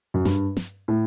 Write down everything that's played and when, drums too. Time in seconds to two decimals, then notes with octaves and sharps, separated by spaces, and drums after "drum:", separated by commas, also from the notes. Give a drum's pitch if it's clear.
0.14 F#2
0.25 G2, drum: snare
0.57 drum: snare
0.88 A2